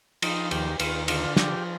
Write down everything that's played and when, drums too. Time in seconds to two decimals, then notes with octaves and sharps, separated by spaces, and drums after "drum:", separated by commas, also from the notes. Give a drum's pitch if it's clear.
0.22 F3 D#4, drum: cymbal
0.51 D#2 G4, drum: cymbal
0.80 D#2 F4, drum: cymbal
1.08 D3 F4, drum: cymbal
1.37 F3 G4, drum: snare